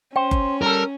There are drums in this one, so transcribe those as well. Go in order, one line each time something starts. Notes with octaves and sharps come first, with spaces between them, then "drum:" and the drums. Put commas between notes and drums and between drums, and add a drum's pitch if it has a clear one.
C#4 C5 G5
drum: kick F#1
G3 A4 A#4